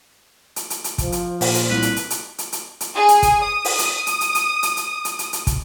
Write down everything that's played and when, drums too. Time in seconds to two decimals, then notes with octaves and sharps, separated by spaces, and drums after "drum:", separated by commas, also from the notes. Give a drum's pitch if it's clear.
0.56 drum: hi-hat
0.70 drum: hi-hat
0.84 drum: hi-hat
0.98 F3, drum: kick, hi-hat
1.12 drum: hi-hat
1.41 A#2, drum: open hi-hat
1.54 drum: hi-hat
1.70 C2 B4
1.82 drum: hi-hat
1.96 drum: hi-hat
2.10 drum: hi-hat
2.38 drum: hi-hat
2.52 drum: hi-hat
2.80 drum: hi-hat
2.95 G#4
3.09 drum: hi-hat
3.23 drum: kick, hi-hat
3.43 D#6
3.65 drum: open hi-hat
3.79 drum: hi-hat
4.07 drum: hi-hat
4.21 drum: hi-hat
4.35 drum: hi-hat
4.63 drum: hi-hat
4.77 drum: hi-hat
5.05 drum: hi-hat
5.19 drum: hi-hat
5.33 drum: hi-hat
5.47 drum: kick, hi-hat